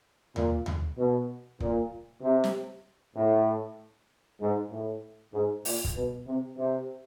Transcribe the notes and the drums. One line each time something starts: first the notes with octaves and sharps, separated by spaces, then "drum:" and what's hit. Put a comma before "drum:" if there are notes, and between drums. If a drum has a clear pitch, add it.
A#2, drum: tom D#2
drum: tom D#2
B2
A#2, drum: kick
C3
drum: snare
A2
G#2
A2
G#2
A#2, drum: open hi-hat
drum: kick
B2
C3
C3